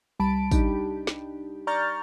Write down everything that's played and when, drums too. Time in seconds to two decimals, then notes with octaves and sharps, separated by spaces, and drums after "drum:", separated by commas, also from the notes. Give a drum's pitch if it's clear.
0.19 C2 G3 A5 B5 D7
0.51 D4 D#4 G4, drum: kick, tambourine
1.07 drum: snare
1.67 D5 A#5 C#6 F6 G6 A6